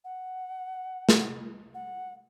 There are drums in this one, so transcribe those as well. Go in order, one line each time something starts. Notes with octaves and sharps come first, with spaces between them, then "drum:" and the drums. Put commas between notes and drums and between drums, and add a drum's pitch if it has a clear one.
F#5
drum: snare
F#5